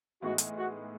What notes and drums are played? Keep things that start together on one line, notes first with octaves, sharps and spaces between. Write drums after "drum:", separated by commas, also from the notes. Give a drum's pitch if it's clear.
A2 E3 G#3 B3 D#4 F#4
drum: hi-hat
F#4